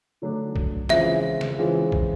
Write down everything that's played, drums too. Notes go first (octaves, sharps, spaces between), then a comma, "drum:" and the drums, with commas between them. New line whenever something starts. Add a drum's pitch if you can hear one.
D3 F#3 A3 D4
drum: kick B1
C#3 E3 G#3 C4 F4 E5, drum: snare
drum: snare
C#3 E3 G#3 C4 F4
drum: kick B1